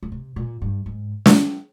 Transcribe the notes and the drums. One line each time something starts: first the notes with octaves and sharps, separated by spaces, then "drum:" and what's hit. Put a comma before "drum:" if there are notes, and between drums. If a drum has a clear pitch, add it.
C#3
C3
A#2
G2
G#2
drum: snare